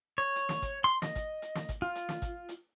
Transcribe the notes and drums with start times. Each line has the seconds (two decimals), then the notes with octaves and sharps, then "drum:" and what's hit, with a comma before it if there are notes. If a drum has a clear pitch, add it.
0.18 C#5
0.36 drum: hi-hat
0.49 drum: snare
0.62 drum: kick, hi-hat
0.84 C6
1.02 D#5, drum: snare
1.15 drum: kick, hi-hat
1.42 drum: hi-hat
1.55 drum: snare
1.69 drum: kick, hi-hat
1.82 F4
1.95 drum: hi-hat
2.09 drum: snare
2.22 drum: kick, hi-hat
2.49 drum: hi-hat